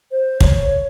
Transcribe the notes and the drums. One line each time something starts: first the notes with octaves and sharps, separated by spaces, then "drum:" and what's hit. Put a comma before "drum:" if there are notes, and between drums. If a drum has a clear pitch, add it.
C5
C#5, drum: kick